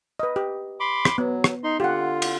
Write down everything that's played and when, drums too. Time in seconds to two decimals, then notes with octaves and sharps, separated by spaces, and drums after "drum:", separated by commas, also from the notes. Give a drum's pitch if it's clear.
0.20 B4 D#5
0.36 G4
0.80 B5 C6 D6
1.05 drum: rim click
1.18 F#3 B3
1.44 drum: rim click
1.64 D#4 C6
1.80 D3 F4 G4 F#5
2.22 drum: cymbal